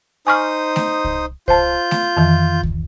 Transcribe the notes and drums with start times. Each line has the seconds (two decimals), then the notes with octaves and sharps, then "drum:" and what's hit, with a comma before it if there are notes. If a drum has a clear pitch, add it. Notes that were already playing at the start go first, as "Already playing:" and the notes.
0.27 D#4 C5 G#5 C#6 D#6 F6
0.76 drum: snare A3
1.05 drum: kick C2
1.48 F4 C5 A5 G6, drum: kick C2
1.91 drum: snare A3
2.17 F2 D#3 E3
2.63 drum: kick C2